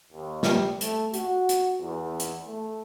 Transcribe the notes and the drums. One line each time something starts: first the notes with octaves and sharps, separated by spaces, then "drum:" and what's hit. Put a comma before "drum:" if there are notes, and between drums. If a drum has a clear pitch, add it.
D#2
G3, drum: snare
A3, drum: hi-hat
F#4, drum: hi-hat
drum: hi-hat
E2
drum: hi-hat
A3